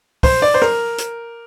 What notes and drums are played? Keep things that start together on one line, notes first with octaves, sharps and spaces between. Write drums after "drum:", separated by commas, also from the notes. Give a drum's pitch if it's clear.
C5, drum: kick, open hi-hat
D5
C5
A#4, drum: rim click
drum: hi-hat